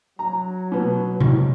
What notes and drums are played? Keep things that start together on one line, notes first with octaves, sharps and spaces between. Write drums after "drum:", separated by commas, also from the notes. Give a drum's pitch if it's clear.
F#3 A#5
B2 B3
drum: tom C3